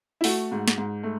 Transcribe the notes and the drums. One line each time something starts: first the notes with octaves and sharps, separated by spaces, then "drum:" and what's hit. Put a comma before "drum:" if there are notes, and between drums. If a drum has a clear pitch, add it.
E4
A3 F#4, drum: open hi-hat
G#2
drum: snare
G#2
A3